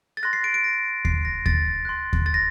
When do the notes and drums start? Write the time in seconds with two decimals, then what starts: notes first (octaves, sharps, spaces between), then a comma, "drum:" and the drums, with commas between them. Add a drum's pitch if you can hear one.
0.17 A6
0.23 C6 F#6 A#6
0.33 C7
0.44 D7
0.54 D7
0.64 A#6
1.05 C7, drum: kick D#2
1.25 A#6
1.46 A6, drum: kick D#2
1.85 C6 F#6
2.13 drum: kick D#2
2.26 A6
2.34 A#6